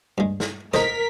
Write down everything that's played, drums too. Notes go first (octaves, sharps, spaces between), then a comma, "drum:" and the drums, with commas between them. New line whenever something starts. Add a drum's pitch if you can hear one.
G2 G#3
drum: snare
A4 A#4 C5 D#5 B6, drum: snare